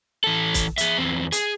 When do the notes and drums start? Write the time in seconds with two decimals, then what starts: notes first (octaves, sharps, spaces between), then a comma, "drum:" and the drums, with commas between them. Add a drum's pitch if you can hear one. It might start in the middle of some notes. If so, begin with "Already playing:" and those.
0.24 E3 A4
0.54 drum: kick, hi-hat
0.78 G#4 E5, drum: hi-hat
0.98 E2 C4
1.32 G#4, drum: hi-hat